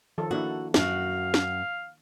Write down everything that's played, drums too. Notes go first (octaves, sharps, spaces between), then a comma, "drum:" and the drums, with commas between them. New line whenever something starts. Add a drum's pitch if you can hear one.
D#3 F3 A4
A#3 D4 E4 F#4
F#2 F#4 F5, drum: snare
drum: snare